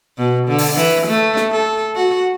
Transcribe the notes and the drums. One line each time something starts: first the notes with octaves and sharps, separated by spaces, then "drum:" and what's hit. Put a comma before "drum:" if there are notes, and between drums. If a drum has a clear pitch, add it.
B2
D3
drum: open hi-hat
E3
A3
drum: snare
A4
F#4